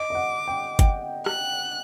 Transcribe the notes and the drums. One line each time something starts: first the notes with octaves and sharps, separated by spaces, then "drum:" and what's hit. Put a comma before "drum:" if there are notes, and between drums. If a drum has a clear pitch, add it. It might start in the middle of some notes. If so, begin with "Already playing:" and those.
Already playing: D#5 D6
D#5
F#5
G5
G5, drum: kick, hi-hat
F#6, drum: rim click